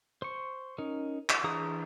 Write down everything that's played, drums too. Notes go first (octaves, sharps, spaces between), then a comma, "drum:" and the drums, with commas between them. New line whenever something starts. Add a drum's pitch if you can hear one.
C5 C#6
C#4 D#4 A#4
drum: clap
E3 D4 G#4 A#5 D#6